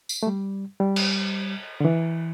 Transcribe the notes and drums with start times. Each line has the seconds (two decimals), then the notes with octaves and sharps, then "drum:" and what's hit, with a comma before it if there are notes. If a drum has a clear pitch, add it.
0.09 drum: tambourine
0.23 A3
0.27 G3
0.80 G3
0.96 drum: cymbal
1.80 D3
1.85 E3